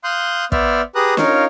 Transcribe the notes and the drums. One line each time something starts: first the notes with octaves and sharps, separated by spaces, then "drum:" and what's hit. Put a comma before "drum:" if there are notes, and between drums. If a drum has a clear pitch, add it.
F5 C6 D#6 F#6 G6
B3 C5 D5 E5 F6, drum: kick
G4 G#4 B4 A#5 D#6 F#6
C#4 D#4 F4 A#4 C#5 F5, drum: snare